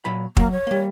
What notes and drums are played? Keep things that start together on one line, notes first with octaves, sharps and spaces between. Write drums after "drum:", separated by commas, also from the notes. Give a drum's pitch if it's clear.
A#2 F#3 B5
F#3 A#3, drum: kick
C#5
G3 A#3